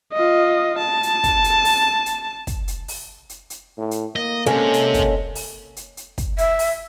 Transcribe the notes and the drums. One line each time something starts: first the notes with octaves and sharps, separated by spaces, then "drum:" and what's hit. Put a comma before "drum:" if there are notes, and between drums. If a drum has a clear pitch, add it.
F4 D#5
A5
drum: hi-hat
drum: kick, hi-hat
drum: hi-hat
drum: open hi-hat
drum: hi-hat
drum: kick, hi-hat
drum: hi-hat
drum: open hi-hat
drum: hi-hat
drum: hi-hat
A2
drum: hi-hat
A#3 D#5
C3 G#3 C#4 A4
drum: hi-hat
drum: kick, hi-hat
drum: open hi-hat
drum: hi-hat
drum: hi-hat
drum: kick, hi-hat
E5, drum: hi-hat
drum: open hi-hat